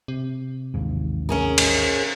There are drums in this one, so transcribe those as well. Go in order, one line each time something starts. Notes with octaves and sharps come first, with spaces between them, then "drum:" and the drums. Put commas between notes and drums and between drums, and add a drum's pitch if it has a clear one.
C3
A1 D#2 G#2
C#4 G#4 A#4
drum: cymbal